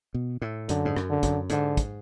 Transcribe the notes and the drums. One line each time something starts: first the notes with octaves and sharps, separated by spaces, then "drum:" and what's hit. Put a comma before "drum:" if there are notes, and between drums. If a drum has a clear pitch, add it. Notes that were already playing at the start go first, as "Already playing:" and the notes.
B2
A2
F#2 D3, drum: hi-hat
G#2
F#2, drum: rim click
D3
F#2, drum: kick, hi-hat
G#2 D3, drum: hi-hat
drum: kick, hi-hat